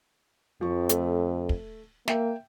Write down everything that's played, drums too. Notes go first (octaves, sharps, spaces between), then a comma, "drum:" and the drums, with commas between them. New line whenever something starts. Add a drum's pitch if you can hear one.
F2 F3 C#6
A3, drum: hi-hat
drum: kick
A#3 E5 G5, drum: snare